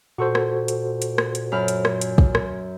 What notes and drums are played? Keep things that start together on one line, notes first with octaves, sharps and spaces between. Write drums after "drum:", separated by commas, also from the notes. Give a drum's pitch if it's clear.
A#2 F#4 A4 C5 C#6
drum: rim click
drum: hi-hat
drum: hi-hat
drum: rim click
drum: hi-hat
F#2 B5 F6
drum: hi-hat
drum: rim click
drum: hi-hat
drum: kick
drum: rim click